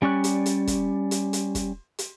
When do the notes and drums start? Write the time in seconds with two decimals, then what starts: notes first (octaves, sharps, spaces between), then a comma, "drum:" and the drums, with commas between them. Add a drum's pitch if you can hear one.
0.02 G3 C#4 D5 C#6 F#6
0.24 drum: hi-hat
0.46 drum: hi-hat
0.67 drum: kick, hi-hat
1.11 drum: hi-hat
1.33 drum: hi-hat
1.55 drum: kick, hi-hat
1.99 drum: hi-hat